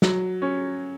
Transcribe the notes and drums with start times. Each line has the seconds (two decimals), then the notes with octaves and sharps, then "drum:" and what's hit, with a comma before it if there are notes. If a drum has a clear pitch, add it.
0.02 F#3, drum: snare
0.42 C#4